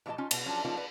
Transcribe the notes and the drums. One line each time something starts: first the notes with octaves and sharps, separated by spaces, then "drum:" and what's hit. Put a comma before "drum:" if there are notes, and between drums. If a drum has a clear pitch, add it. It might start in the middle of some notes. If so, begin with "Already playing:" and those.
A2 E3 D4 F4 D#5 A5
C#4 D#4 F4
B2, drum: cymbal
F3 F#3 C#4 D4 F4
F3 A#3 C#4 D#4 F4
B4 D5